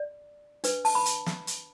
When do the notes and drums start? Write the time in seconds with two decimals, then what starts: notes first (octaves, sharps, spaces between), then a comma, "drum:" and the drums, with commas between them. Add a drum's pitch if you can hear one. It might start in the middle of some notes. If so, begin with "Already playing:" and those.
Already playing: D5
0.64 D4 B4, drum: hi-hat
0.85 A5, drum: open hi-hat
0.95 B5
1.06 drum: hi-hat
1.26 drum: snare
1.47 drum: hi-hat